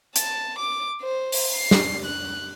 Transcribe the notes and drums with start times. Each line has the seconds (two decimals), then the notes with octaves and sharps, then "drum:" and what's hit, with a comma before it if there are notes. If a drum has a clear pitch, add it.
0.16 A5, drum: hi-hat
0.58 D6
1.02 C5
1.32 drum: open hi-hat
1.56 C7
1.71 drum: snare
2.05 F#6